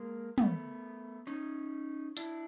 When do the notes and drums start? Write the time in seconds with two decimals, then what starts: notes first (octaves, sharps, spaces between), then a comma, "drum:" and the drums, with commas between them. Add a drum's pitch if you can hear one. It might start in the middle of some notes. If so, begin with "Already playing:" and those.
Already playing: G#3 A#3
0.38 A3 B3, drum: tom
1.27 C#4 D#4
2.17 D4 E4, drum: hi-hat